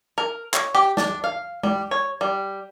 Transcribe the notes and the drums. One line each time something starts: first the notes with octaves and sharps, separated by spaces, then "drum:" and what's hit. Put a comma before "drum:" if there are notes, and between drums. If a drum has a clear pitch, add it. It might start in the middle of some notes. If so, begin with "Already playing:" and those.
A#4
C#5, drum: clap
G4
D4, drum: snare
F5
G3, drum: tom G#3
C#5
G3